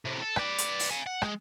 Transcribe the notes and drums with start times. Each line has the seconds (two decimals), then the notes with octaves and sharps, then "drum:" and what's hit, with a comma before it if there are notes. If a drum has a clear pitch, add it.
0.05 A2 C3
0.22 A4
0.36 B4 D5, drum: rim click
0.58 drum: hi-hat
0.79 drum: open hi-hat
0.91 F5 G#5
1.06 F#5
1.22 G#3, drum: rim click